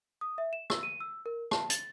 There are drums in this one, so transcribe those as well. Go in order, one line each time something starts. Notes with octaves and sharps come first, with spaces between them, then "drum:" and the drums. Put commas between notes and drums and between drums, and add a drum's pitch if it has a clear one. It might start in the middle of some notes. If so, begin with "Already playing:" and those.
D#6
E5
E7
E6, drum: rim click
D#7
E6
A#4
A5, drum: rim click
A6, drum: hi-hat